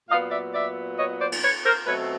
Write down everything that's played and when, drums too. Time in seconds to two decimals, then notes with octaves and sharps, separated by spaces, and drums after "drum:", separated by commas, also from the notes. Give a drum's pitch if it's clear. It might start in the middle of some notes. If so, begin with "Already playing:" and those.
0.09 A#2 F#3 B3 D#5 F5
0.31 D5 E5
0.54 D5 E5
0.98 C#5 D#5
1.20 C5 D5
1.32 drum: cymbal
1.43 B4 C#5
1.65 A#4 C5
1.87 B2 F#3 A3 C4 B4 C#5